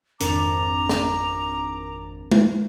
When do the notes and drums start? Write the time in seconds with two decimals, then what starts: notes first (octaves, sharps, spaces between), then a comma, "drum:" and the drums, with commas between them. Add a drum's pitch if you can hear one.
0.20 G#1 F2 C4 D4 A#4 A5 A#5 D6, drum: hi-hat
0.89 drum: snare
2.31 drum: tom G#3